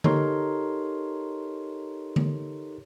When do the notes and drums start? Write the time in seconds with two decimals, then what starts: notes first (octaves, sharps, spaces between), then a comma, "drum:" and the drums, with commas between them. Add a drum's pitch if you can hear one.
0.04 D#4 G4 A4 A#4 C#5 C6, drum: tom D3
2.16 drum: tom D3